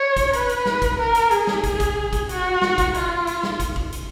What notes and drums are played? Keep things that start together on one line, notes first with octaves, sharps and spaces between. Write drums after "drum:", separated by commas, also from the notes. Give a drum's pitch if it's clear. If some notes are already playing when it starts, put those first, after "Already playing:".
Already playing: C#5
drum: kick, hi-hat
B4, drum: hi-hat
drum: hi-hat
drum: snare
drum: kick, hi-hat
A#4
drum: hi-hat
G#4, drum: hi-hat
drum: snare
drum: kick, hi-hat
drum: kick, hi-hat
drum: kick, hi-hat
F#4, drum: hi-hat
drum: snare
drum: kick, hi-hat
F4, drum: hi-hat
drum: hi-hat
drum: snare
drum: kick, hi-hat
drum: kick
drum: hi-hat